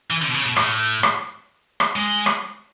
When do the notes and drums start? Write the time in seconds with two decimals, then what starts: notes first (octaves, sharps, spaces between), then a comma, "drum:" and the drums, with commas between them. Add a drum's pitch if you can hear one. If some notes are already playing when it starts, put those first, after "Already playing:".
0.11 E3
0.22 D3
0.28 B2
0.34 C#3
0.46 B2
0.56 A2, drum: rim click
1.03 drum: rim click
1.80 drum: rim click
1.96 G#3
2.26 drum: rim click